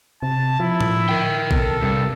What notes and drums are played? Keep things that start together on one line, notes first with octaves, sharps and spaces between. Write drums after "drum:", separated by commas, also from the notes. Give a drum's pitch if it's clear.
C3 A5
F3 E4
drum: tom A2
A#4 G5
B2 A4, drum: kick A#1
G2 C3